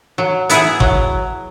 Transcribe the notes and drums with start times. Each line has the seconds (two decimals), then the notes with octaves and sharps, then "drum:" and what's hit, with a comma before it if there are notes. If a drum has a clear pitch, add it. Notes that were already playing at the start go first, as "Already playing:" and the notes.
0.18 F#3
0.49 B3 E4 G#4, drum: hi-hat
0.80 F#3, drum: kick G#1